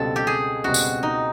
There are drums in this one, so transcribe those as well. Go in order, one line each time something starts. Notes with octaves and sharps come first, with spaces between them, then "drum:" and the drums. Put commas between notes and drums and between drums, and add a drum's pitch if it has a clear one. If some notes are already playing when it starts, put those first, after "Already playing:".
Already playing: C#2 B2 G3 C4 A4
G4
G#4
C#2 B2 G3 C4 F#4
drum: tambourine
D#4